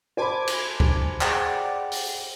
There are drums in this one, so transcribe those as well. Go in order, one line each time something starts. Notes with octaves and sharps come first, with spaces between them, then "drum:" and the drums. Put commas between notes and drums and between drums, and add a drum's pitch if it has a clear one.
C5 G#5 A5 B5 D6 G#6
drum: cymbal
drum: kick C#2
G#4 D5 F#5 G5, drum: clap
drum: open hi-hat